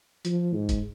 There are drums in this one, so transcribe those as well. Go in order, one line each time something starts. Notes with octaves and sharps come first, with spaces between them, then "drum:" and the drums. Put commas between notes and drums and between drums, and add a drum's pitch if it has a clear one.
F3, drum: hi-hat
G#2
drum: kick, hi-hat